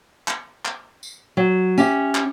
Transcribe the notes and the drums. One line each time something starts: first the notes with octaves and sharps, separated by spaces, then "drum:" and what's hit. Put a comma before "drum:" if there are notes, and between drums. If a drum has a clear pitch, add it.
drum: clap
drum: clap
drum: tambourine
F#3
C#4 G4 E5, drum: tambourine
drum: clap